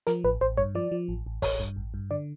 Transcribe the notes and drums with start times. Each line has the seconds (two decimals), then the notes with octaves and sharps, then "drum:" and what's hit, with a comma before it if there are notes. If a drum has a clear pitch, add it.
0.07 F3 A#4, drum: hi-hat
0.24 A1 B4
0.41 A1 C5
0.57 G2 C#5
0.75 F3 D5
0.92 F3
1.08 A1
1.26 A1
1.42 A1 C#5, drum: kick, open hi-hat
1.60 G2
1.76 A1
1.94 G2
2.11 D3 D5